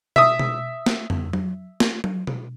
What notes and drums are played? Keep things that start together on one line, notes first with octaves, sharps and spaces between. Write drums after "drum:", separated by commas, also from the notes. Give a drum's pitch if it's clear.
E5 D#6, drum: tom B2
drum: tom B2
drum: snare
drum: tom
drum: tom F#3
drum: snare
drum: tom F#3
drum: tom B2